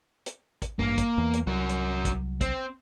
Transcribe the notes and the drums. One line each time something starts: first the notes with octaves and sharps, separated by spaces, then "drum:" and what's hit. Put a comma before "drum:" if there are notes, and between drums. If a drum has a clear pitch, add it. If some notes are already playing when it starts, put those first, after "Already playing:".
drum: hi-hat
drum: kick, hi-hat
A1 G2 A#3
drum: kick, hi-hat
E2 E3
drum: hi-hat
C2 F#3 F#4 A#4
drum: hi-hat
drum: kick, hi-hat
C4, drum: kick, hi-hat